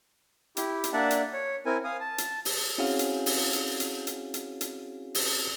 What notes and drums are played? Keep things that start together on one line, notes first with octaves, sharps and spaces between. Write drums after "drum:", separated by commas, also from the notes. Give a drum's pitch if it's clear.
E4 G4, drum: hi-hat
drum: hi-hat
A#3 D4 D5 E5 F#5 A5
drum: hi-hat
C#5
C4 E4 A#4 G#5
F5 G#5 D#6
A5
drum: hi-hat
drum: open hi-hat
C4 C#4 E4 F#4 G#4 F5
drum: hi-hat
drum: open hi-hat
drum: hi-hat
drum: hi-hat
drum: hi-hat
drum: hi-hat
drum: hi-hat
drum: open hi-hat